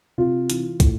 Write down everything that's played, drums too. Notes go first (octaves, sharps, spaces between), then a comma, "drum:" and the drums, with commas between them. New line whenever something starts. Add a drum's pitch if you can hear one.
C3 F4
E3, drum: hi-hat
A2, drum: kick, hi-hat